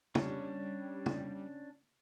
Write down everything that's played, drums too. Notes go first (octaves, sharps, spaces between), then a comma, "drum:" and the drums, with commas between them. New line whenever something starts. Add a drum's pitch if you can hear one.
G3 C#4 D4, drum: tom
drum: tom